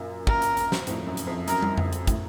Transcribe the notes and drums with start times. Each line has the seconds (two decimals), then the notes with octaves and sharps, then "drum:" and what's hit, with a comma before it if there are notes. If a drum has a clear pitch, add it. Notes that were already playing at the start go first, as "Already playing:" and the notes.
Already playing: F#2 A#2
0.27 A#4, drum: kick
0.42 drum: hi-hat
0.57 drum: hi-hat
0.72 drum: snare
0.87 F2 A2, drum: hi-hat
1.07 F#2
1.17 drum: hi-hat
1.27 F2
1.48 F#2 A#4, drum: hi-hat
1.62 drum: tom
1.78 drum: tom F2
1.93 drum: hi-hat
2.07 A2, drum: kick, hi-hat